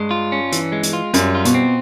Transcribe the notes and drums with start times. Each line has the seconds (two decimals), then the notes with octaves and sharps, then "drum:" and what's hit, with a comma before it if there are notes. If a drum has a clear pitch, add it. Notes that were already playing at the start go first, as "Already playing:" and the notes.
Already playing: G2 G#3
0.11 F4
0.32 C#4
0.52 E3, drum: hi-hat
0.72 G#3
0.83 drum: hi-hat
0.93 F4
1.13 F#2 G3, drum: hi-hat
1.35 F4
1.45 B2, drum: hi-hat
1.55 C4